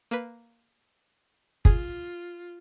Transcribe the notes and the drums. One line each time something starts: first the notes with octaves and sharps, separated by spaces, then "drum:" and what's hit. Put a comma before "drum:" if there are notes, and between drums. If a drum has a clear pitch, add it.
A#3 B4
F4 G#4, drum: kick